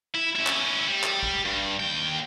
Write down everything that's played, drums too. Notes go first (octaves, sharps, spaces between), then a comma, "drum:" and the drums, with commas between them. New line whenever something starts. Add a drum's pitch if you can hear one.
E4
C#4 E4
drum: clap
G3
drum: clap
drum: kick A#1
G2
D#2 G5